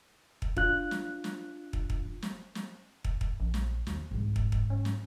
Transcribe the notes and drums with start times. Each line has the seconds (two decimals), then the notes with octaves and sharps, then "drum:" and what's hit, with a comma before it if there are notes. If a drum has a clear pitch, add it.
0.42 drum: kick
0.57 D4 F4 F#6, drum: kick
0.91 drum: snare
1.24 drum: snare
1.73 drum: kick
1.90 drum: kick
2.22 drum: snare
2.55 drum: snare
3.05 drum: kick
3.21 drum: kick
3.40 A#1
3.54 drum: snare
3.87 D#2, drum: snare
4.11 C2 G#2 D#3
4.36 drum: kick
4.52 drum: kick
4.70 C#4
4.85 drum: snare